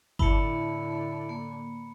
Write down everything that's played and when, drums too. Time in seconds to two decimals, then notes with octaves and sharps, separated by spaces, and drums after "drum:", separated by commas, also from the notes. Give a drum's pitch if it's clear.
0.19 A2 D3 E4 E5 A5 B5 C#7, drum: kick G1
1.29 A#3